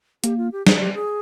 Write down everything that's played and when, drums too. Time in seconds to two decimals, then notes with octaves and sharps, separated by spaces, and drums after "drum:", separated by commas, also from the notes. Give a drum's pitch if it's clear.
0.24 A#3 G4, drum: hi-hat
0.37 F4
0.52 G4
0.67 G#4, drum: snare
0.80 G4
0.94 G#4